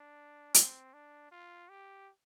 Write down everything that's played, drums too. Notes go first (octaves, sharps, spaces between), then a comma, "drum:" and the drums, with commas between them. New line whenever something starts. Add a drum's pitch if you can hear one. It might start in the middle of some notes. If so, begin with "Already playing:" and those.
Already playing: D4
C4, drum: hi-hat
D4
F4
G4